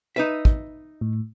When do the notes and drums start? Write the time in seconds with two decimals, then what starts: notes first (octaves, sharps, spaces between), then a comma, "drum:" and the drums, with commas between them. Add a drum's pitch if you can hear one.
0.16 D#4 B4 E5
0.45 drum: kick
1.01 A2